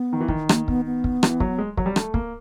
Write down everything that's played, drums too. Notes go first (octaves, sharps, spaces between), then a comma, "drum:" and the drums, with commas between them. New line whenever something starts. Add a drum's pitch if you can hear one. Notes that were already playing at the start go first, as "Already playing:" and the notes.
Already playing: B3
D#3
E3
D#3, drum: kick
A#3, drum: rim click
B3, drum: kick
B3
drum: kick
E3, drum: rim click
F#3, drum: kick
G#3
F#3, drum: kick
G3
A3, drum: rim click
A#3, drum: kick